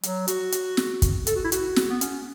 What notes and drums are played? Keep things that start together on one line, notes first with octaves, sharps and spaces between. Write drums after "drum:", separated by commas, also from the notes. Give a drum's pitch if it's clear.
F#3, drum: hi-hat
F#4, drum: hi-hat
drum: hi-hat
drum: snare
drum: kick, hi-hat
A4, drum: hi-hat
F#4
E4
F#4, drum: hi-hat
drum: snare
B3
C#4, drum: hi-hat